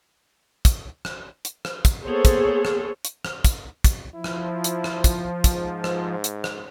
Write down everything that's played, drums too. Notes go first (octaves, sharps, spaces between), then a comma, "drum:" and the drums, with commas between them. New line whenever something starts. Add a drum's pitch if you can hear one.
drum: kick, hi-hat
drum: rim click
drum: hi-hat
drum: rim click
drum: kick, hi-hat
A#3 B3 G#4 A4 C5 C#5
drum: kick, hi-hat
drum: rim click
drum: hi-hat
drum: rim click
drum: kick, hi-hat
drum: kick, hi-hat
F3 E4
drum: rim click
drum: hi-hat
drum: rim click
drum: kick, hi-hat
drum: kick, hi-hat
G#2
drum: rim click
drum: hi-hat
drum: rim click